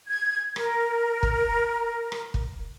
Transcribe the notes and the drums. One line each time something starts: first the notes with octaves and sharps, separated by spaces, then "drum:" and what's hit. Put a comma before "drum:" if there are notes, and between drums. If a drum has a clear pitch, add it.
G#6
A#4, drum: rim click
drum: kick
drum: rim click
drum: kick